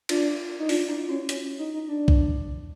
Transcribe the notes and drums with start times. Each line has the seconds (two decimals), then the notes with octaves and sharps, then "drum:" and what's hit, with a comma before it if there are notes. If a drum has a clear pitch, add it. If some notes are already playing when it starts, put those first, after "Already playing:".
0.09 D4 F4, drum: cymbal
0.59 D#4
0.69 D4 F4, drum: open hi-hat
0.89 D4 E4
1.09 C#4 F#4
1.29 C#4, drum: hi-hat
1.59 D#4
1.74 D#4
1.88 D4
2.08 drum: kick B1